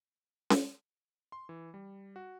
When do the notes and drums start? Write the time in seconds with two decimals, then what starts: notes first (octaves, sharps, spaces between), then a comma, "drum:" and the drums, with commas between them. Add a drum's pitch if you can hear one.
0.50 drum: snare C#4
1.32 C6
1.49 E3
1.74 G3
2.16 F#4